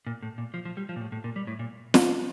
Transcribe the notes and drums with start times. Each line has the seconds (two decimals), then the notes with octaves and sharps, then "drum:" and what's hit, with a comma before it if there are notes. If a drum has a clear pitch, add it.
0.07 A#2
0.23 A2
0.38 A#2
0.54 F3
0.65 F3
0.77 G3
0.89 F3
0.96 A#2
1.01 A2
1.12 A2
1.24 A#2
1.36 G3
1.47 A2
1.59 A#2
1.94 drum: snare